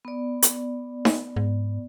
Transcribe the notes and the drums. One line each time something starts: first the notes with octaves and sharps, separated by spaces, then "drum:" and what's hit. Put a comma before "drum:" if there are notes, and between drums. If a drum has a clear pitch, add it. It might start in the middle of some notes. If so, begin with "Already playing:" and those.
B3 D5
drum: hi-hat
drum: snare D#4
G#2